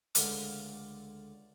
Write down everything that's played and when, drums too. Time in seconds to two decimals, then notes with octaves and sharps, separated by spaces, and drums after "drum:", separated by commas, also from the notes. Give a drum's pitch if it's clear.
0.15 C#2 D3 A3 A#4 F5 D6, drum: hi-hat